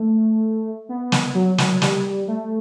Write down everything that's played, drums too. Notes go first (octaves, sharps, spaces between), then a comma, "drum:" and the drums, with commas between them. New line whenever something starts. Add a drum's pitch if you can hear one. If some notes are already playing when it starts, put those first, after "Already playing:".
Already playing: A3
B3
drum: snare
F#3
drum: snare
G3, drum: snare
A3